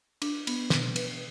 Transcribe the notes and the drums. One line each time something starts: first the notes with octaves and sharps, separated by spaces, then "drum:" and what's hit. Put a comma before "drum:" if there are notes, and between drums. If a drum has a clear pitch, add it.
D4, drum: cymbal
B3, drum: cymbal
B2, drum: snare
B4, drum: cymbal